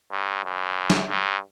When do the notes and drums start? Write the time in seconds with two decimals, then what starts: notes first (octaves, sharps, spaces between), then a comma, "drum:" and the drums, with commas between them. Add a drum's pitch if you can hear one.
0.11 G2
0.45 F#2
0.90 drum: snare
1.09 G2